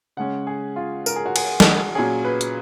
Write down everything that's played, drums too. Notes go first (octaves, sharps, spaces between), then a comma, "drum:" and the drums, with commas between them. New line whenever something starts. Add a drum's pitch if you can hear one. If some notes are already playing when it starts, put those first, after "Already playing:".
C#3 G#3 C#4 F#5
G#4
F4
A#4, drum: tambourine
G#4
F#4
G#4, drum: cymbal
drum: snare
A#2 F#3 C#4 G#4
B4
drum: hi-hat